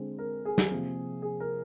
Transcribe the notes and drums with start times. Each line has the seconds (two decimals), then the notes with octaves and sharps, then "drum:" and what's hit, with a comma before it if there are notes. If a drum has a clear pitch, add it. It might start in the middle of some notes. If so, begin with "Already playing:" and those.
Already playing: D3 G#3 C4
0.19 A#4
0.45 G#4
0.58 drum: snare
0.70 C3 F3 A#3
1.22 G#4
1.40 A#4